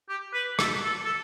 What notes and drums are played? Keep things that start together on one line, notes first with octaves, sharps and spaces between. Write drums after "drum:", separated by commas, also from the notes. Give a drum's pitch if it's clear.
G4
B4
A4, drum: rim click
A4
A4